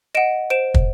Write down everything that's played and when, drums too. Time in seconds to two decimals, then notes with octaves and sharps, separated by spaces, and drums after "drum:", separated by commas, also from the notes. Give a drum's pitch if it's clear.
0.15 D#5 F#5 D7 E7
0.50 C5 D7 E7
0.74 drum: kick